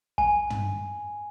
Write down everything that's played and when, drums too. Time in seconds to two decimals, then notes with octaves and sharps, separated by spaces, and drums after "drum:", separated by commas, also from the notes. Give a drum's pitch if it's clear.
0.18 G#5, drum: kick
0.50 drum: tom